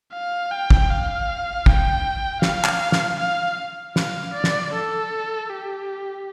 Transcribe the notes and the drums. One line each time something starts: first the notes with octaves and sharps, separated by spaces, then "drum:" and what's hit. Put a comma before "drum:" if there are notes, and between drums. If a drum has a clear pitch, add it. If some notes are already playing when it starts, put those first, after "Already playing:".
F5
G5
drum: kick
F5
G5, drum: kick
F5, drum: snare
drum: clap
drum: snare
F5
F5, drum: snare
D5
drum: snare
A4
G4